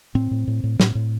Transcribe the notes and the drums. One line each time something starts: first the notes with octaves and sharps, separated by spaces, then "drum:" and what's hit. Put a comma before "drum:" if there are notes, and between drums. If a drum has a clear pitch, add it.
A2 C4
A2
A2
A2
A2, drum: snare
A2